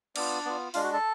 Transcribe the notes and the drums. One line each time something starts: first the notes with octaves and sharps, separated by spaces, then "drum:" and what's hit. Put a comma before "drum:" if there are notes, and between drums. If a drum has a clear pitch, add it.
B3 D4 F4 D5, drum: cymbal
B3 F4
G#3 D4 F4 F5, drum: open hi-hat
F#4 F#5
A4 A5